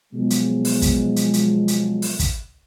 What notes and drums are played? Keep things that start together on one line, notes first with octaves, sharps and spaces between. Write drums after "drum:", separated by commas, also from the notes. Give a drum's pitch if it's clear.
B2 F3 F#3 G#3
drum: hi-hat
drum: open hi-hat
drum: kick, hi-hat
drum: hi-hat
drum: hi-hat
drum: hi-hat
drum: open hi-hat
drum: kick, hi-hat